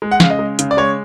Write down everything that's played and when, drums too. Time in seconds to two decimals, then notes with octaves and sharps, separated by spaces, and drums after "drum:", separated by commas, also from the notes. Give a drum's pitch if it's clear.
0.02 G#3
0.11 F#5
0.20 C#3 F5, drum: snare
0.31 D#5
0.39 G#3
0.59 C#3, drum: hi-hat
0.71 D5
0.77 G#3 C#5